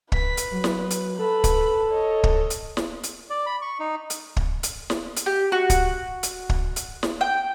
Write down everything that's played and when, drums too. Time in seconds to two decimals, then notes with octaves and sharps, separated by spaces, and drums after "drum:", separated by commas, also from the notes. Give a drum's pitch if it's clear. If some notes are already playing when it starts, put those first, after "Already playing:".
0.12 B4 B6, drum: kick
0.37 drum: hi-hat
0.51 F#3
0.64 drum: snare
0.90 drum: hi-hat
1.19 A4 B4 B5
1.44 drum: kick, hi-hat
1.90 C#5 D#5
2.24 drum: kick
2.50 drum: hi-hat
2.77 drum: snare
3.03 drum: hi-hat
3.30 D5
3.46 B5
3.62 C#6
3.80 D#4
4.10 drum: hi-hat
4.37 drum: kick
4.63 drum: hi-hat
4.90 drum: snare
5.16 drum: hi-hat
5.26 G4
5.52 F#4
5.70 drum: kick, hi-hat
6.23 drum: hi-hat
6.49 drum: kick
6.76 drum: hi-hat
7.03 drum: snare
7.21 G5